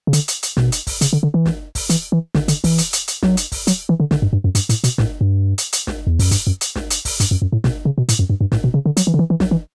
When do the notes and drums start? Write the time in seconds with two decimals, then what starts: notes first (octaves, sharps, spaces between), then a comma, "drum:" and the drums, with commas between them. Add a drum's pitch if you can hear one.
0.07 C#3
0.13 D3, drum: hi-hat
0.28 drum: hi-hat
0.43 drum: hi-hat
0.57 B2, drum: snare
0.72 drum: hi-hat
0.87 drum: kick, open hi-hat
1.01 C#3, drum: hi-hat
1.13 D3
1.23 D3
1.34 E3
1.46 drum: snare
1.75 drum: kick, open hi-hat
1.89 E3, drum: hi-hat
2.12 E3
2.35 D3, drum: snare
2.48 D3, drum: hi-hat
2.64 E3, drum: kick, open hi-hat
2.78 drum: hi-hat
2.93 drum: hi-hat
3.08 drum: hi-hat
3.23 F#3, drum: snare
3.37 drum: hi-hat
3.52 drum: kick, open hi-hat
3.67 F#3, drum: hi-hat
3.89 E3
4.00 D3
4.11 D3, drum: snare
4.22 G2
4.33 G2
4.44 F#2
4.55 G2, drum: hi-hat
4.69 A2, drum: hi-hat
4.84 B2, drum: hi-hat
4.98 A2, drum: snare
5.21 G2
5.58 drum: hi-hat
5.73 drum: hi-hat
5.87 drum: snare
6.07 E2
6.19 F#2, drum: kick, open hi-hat
6.31 G2, drum: hi-hat
6.47 F#2
6.61 drum: hi-hat
6.76 drum: snare
6.90 drum: hi-hat
7.05 drum: kick, open hi-hat
7.20 G2, drum: hi-hat
7.31 F#2
7.42 F#2
7.52 A2
7.64 B2, drum: snare
7.85 C#3
7.98 B2
8.09 A2, drum: hi-hat
8.19 F#2
8.30 G2
8.41 G2
8.52 A2, drum: snare
8.64 B2
8.74 C#3
8.86 D3
8.97 F#3, drum: hi-hat
9.07 E3
9.14 D3
9.19 E3
9.30 E3
9.40 F#3, drum: snare
9.51 E3